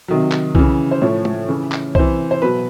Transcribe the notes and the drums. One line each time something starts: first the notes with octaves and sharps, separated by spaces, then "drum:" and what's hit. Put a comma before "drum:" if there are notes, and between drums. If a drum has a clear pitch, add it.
C3 D#3 F#3
drum: clap
C#3 E3, drum: kick
C5
A2 F3 C#5
drum: tom
C#3 E3
drum: clap
C3 E3 C5, drum: kick
C5
B2 F#3 B4